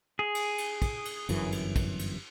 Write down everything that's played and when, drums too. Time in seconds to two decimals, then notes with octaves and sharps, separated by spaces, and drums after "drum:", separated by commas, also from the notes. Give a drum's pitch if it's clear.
0.19 G#4
0.35 drum: cymbal
0.58 drum: cymbal
0.82 drum: kick, cymbal
1.05 drum: cymbal
1.29 G1 F#2 E3, drum: cymbal
1.52 drum: cymbal
1.76 drum: kick, cymbal
1.99 drum: cymbal